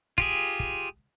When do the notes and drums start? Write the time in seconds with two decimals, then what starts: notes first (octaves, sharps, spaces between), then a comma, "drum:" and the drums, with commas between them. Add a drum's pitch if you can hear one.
0.18 F4 G4 G#4, drum: kick
0.60 drum: kick